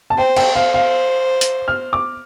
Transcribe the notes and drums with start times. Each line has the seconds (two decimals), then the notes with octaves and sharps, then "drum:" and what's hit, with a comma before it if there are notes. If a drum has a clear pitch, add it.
0.10 A5
0.18 C5 G5
0.36 G5, drum: cymbal
0.55 C5 F5
0.74 F5
1.41 drum: hi-hat
1.68 F6
1.93 D6